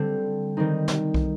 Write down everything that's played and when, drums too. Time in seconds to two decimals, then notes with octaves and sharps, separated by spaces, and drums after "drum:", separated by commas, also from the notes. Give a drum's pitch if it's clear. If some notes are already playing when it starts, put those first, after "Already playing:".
Already playing: D3 G3 C4
0.57 D#3 G3 C4 D#4
0.88 drum: snare
1.14 drum: kick